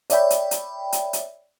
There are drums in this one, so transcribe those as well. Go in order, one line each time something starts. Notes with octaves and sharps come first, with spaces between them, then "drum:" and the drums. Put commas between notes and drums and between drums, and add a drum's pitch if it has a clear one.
C#5 D5 E5 G5 B5, drum: hi-hat
drum: hi-hat
drum: hi-hat
drum: hi-hat
drum: hi-hat